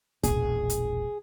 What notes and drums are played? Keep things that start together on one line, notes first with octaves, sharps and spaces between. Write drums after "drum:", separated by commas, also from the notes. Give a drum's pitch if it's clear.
E1 A#1 G#4, drum: kick C2, hi-hat
drum: hi-hat